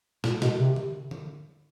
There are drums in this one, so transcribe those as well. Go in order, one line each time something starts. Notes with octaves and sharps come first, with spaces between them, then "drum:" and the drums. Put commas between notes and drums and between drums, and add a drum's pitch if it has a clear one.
A#2, drum: snare
B2, drum: snare
C3
drum: tom D3
drum: tom D3